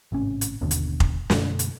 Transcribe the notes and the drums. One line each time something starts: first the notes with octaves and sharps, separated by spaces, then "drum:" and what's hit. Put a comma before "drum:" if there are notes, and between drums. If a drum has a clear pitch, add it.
G#1 A2 C3 C#4
drum: hi-hat
G1 D#2 B2 D3
drum: hi-hat
drum: kick F1
F#2 B2 D3 A3, drum: snare
drum: hi-hat